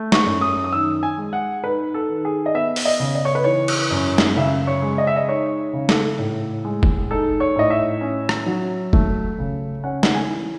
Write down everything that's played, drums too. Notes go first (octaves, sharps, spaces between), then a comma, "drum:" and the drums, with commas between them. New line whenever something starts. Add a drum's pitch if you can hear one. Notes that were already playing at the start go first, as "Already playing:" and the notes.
Already playing: A3
C#6, drum: snare
F#2
D#6
D#6
D#3 E6
G#5
G#3
F#5
D#4 B4
A4
D#3
G#4
D#5
B3 E5
drum: open hi-hat
D#5
C#3
D#5
C#5
B4
E3 C#5
drum: cymbal
F#2
drum: snare
C#3 E5
C#5
G#3
D#5
E5
D#5
D#4 C#5
C#3
A4, drum: snare
A2
G#3
drum: kick
D#4 A4
C#5
A2 D#5
E5
C#4
drum: rim click
F#3
A3, drum: kick
C#3
C#4 F#5
F#5, drum: snare
G#5
E3